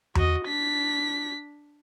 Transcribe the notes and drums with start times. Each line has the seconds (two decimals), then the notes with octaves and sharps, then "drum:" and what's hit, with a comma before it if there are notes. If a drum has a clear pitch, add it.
0.15 F#4 D#5, drum: tom E2
0.46 D4 B6